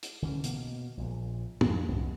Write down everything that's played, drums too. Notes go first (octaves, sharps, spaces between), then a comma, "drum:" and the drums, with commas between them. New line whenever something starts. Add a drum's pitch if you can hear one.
drum: hi-hat
D3 E3 C#4
B2 A#3, drum: hi-hat
A#1 A#2
F2, drum: tom
C2 F#2 D#3